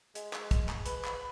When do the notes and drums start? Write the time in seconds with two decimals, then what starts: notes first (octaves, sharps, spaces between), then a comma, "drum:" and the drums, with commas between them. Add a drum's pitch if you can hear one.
0.15 G#3, drum: hi-hat
0.33 drum: clap
0.51 drum: kick, hi-hat
0.69 drum: clap
0.86 B4 B5, drum: hi-hat
1.05 drum: clap